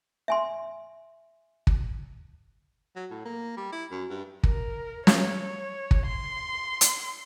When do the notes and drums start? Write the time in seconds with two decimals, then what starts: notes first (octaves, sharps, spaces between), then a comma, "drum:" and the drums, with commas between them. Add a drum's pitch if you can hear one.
0.28 E5 G#5 C6
1.67 drum: kick
2.96 F#3
3.11 A2
3.25 A#3
3.57 G3
3.73 E4
3.91 F#2
4.10 G2
4.44 A#4, drum: kick
5.07 C#5, drum: snare
5.91 drum: kick
6.07 C6
6.81 drum: hi-hat